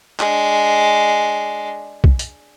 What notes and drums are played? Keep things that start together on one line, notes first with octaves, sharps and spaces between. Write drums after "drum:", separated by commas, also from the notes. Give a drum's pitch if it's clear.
G#3 D4, drum: clap
drum: kick
drum: hi-hat